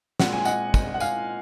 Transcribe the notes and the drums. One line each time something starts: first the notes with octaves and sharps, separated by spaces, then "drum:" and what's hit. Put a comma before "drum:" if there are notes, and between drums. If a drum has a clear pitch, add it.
A#2 G#3 C4 F#5, drum: snare
G#5
D#5 F#5, drum: tambourine
drum: kick, tambourine
F#5
F5 G#5, drum: tambourine